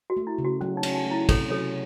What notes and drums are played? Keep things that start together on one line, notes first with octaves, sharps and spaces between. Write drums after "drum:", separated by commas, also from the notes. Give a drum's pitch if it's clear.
F#4
A3
E4
C#3
F#4
F#3 C#4
D#4
C#4, drum: cymbal
D#4
A3
E4
C3 A4 C#5, drum: kick, cymbal
F#3 A4 C#5